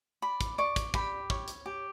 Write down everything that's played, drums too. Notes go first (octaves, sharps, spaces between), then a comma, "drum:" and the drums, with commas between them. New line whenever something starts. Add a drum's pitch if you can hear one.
D5 B5
drum: kick, hi-hat
D5 C#6
drum: kick, hi-hat
G4 B5, drum: kick
C#5, drum: kick
drum: hi-hat
G4